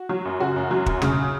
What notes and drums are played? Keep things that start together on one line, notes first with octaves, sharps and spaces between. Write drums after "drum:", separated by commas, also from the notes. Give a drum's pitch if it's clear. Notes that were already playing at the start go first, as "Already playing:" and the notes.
Already playing: F#4
F#3
F#2
C#3 F#4
F#2
F#3
F#2, drum: kick
C#3, drum: tom